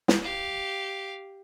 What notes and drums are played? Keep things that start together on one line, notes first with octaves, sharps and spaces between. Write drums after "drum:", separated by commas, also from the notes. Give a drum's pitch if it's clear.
drum: snare
G4 F5